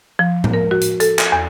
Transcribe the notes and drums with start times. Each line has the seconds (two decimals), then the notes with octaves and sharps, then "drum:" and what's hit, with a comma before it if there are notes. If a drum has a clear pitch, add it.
0.19 F3
0.44 drum: tom A2
0.54 A#4
0.71 F#4
0.81 drum: hi-hat
1.00 A4, drum: hi-hat
1.19 drum: clap
1.32 E2